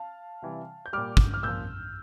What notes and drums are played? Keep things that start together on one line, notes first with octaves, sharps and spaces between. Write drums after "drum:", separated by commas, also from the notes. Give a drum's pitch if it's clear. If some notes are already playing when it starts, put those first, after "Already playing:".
Already playing: F5 A5
C3 E3 G3
G6
A#2 G3 D6 F6
drum: kick
F6
A#2 F3 E6 G6